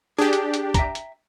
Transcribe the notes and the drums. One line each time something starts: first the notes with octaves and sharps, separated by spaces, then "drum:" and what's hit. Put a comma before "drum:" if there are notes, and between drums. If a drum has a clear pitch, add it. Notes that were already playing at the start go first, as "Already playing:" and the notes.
D4 G4 G#4
drum: hi-hat
drum: hi-hat
E5 G5 A#5, drum: kick, hi-hat
drum: hi-hat